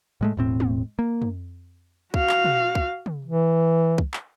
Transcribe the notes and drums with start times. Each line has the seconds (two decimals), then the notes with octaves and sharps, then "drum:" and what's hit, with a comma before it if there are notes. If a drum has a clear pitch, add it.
0.21 A2 G#3 A3
0.37 E1 A2 C4
0.60 drum: tom
0.99 A#3
1.22 drum: tom
2.14 F#4 F5, drum: kick
2.29 drum: clap
2.45 drum: tom
2.75 drum: kick
3.06 drum: tom
3.25 E3
3.98 drum: kick
4.14 drum: clap